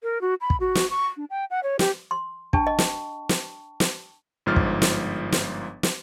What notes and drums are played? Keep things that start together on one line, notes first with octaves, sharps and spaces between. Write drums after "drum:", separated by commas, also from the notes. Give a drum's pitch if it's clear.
A#4
F#4
B5
drum: kick
F#4
drum: snare
C#6
D4
G5
F#5
C#5
G4, drum: snare
C6
D4 G5 A5 C#6, drum: kick
D#5
drum: snare
drum: snare
drum: snare
G1 G#2 F3 F6 A6
drum: kick
drum: snare
drum: snare
drum: snare